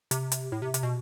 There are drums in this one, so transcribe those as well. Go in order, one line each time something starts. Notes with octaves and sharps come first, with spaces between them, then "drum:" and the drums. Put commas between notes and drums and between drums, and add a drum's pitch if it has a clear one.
C3, drum: hi-hat
drum: hi-hat
A2
C3
C3, drum: hi-hat
B2